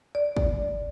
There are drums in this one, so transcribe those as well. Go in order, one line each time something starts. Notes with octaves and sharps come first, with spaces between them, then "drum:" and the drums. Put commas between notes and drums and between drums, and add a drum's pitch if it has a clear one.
D5
drum: kick